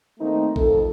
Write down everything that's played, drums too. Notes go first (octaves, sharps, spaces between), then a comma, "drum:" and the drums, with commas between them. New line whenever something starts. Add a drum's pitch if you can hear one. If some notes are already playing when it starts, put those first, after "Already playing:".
D#3 A3 A#3 C4 D#4
F2 A4, drum: kick A#1